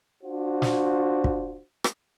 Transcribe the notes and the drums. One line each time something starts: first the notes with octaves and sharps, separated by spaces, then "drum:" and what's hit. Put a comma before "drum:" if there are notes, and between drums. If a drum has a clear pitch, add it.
D4 F4 F#4 C5
drum: snare
drum: kick
drum: rim click